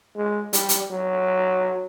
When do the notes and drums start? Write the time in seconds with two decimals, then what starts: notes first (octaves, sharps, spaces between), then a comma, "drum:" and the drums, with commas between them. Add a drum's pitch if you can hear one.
0.16 G#3
0.53 G3, drum: hi-hat
0.69 drum: hi-hat
0.91 F#3